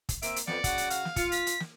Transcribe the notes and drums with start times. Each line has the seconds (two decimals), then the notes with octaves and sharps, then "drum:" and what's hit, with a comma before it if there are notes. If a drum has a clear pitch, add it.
0.09 drum: kick, hi-hat
0.22 A#3 C4 E5 D7, drum: hi-hat
0.36 drum: hi-hat
0.47 F2 B3 D5 C#7, drum: snare
0.64 C#3 F#4 F#5, drum: kick, hi-hat
0.78 drum: hi-hat
0.90 F5, drum: hi-hat
1.05 drum: snare
1.16 F4 C#7, drum: kick, hi-hat
1.32 B6, drum: hi-hat
1.47 drum: hi-hat
1.60 drum: snare